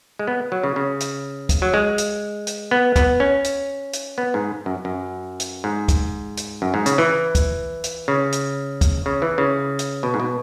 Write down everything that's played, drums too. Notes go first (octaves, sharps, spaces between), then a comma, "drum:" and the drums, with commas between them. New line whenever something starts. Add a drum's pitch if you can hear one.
G#3
B3
F#3
C#3
C#3
drum: hi-hat
drum: kick, hi-hat
F#3
G#3
drum: hi-hat
drum: hi-hat
B3
B3, drum: kick, hi-hat
C#4
drum: hi-hat
drum: hi-hat
B3
G#2
F#2
F#2
drum: hi-hat
G#2
drum: kick, hi-hat
drum: hi-hat
F#2
G#2
C#3, drum: hi-hat
E3
drum: kick, hi-hat
drum: hi-hat
C#3
drum: hi-hat
drum: kick, hi-hat
C#3
E3
C#3
drum: hi-hat
B2
G#2
B2